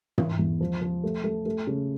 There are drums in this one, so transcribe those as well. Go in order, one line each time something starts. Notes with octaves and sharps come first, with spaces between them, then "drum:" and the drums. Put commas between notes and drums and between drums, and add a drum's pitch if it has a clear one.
E3, drum: tom
E2
F3
F3
A3
A3
A3
C#3